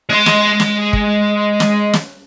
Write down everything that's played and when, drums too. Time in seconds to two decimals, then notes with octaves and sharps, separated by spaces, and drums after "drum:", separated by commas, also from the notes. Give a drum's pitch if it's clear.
0.09 G#3 C6
0.26 drum: snare
0.60 drum: snare
0.93 drum: kick
1.60 drum: snare
1.93 drum: snare